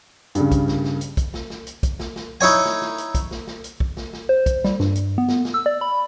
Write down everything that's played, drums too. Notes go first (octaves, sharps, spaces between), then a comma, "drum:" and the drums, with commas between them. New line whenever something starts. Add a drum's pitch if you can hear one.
G2 C#3, drum: hi-hat
drum: kick, hi-hat
drum: snare
drum: snare
drum: hi-hat
drum: kick, hi-hat
drum: snare
drum: snare
drum: hi-hat
drum: kick, hi-hat
drum: snare
drum: snare
D#4 E4 C#5 G#5
drum: snare
drum: snare
drum: hi-hat
drum: kick, hi-hat
drum: snare
drum: snare
drum: hi-hat
drum: kick
drum: snare
drum: snare
C5
drum: kick, hi-hat
G3, drum: snare
G2, drum: snare
drum: hi-hat
B3
drum: snare
drum: snare
E6
D5
B5